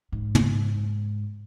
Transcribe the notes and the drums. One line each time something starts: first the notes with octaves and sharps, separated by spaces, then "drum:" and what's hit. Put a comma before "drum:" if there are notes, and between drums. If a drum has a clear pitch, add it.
G#2
drum: tom